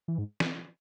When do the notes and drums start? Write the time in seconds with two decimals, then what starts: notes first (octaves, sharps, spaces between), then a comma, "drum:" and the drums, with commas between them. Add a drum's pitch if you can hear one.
0.08 E3
0.18 G#2
0.40 drum: snare